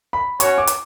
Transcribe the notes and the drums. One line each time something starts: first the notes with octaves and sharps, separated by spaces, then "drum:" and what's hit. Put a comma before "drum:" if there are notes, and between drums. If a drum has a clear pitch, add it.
B5
C#4 F#4 C#5 C#6, drum: hi-hat
D6
drum: hi-hat